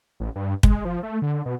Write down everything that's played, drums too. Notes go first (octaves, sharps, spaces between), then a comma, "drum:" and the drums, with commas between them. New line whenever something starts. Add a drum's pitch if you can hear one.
A1
G2
G#3, drum: kick
F3
A3
D3
B2